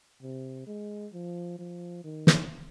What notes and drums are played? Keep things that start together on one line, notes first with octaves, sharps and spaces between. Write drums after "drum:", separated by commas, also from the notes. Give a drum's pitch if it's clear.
C3
G#3
F3
F3
D#3
drum: snare